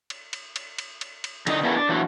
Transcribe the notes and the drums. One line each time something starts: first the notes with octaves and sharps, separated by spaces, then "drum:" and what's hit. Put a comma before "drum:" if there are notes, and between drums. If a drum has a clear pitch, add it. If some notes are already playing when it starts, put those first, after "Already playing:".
drum: cymbal
drum: cymbal
drum: cymbal
drum: cymbal
drum: cymbal
drum: cymbal
D3 D#4 D#5, drum: cymbal
B3 D4 E4 F#4 G#4 A#4
D4
E3 F#3 D4 F#4